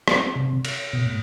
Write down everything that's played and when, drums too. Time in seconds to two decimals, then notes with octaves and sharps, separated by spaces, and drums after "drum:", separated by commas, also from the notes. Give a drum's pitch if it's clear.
0.08 B3, drum: rim click
0.17 C4
0.36 C3
0.65 drum: cymbal
0.93 B2
1.06 A2